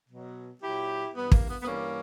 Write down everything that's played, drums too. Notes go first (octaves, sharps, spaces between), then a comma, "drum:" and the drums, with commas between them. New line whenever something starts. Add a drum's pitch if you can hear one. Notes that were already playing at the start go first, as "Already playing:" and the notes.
B2 F#3
A#2 F#3 E4 G4
G2 E3 G3 B3
A#3, drum: kick
B3
B3
G2 E3 G3 A#3 C#4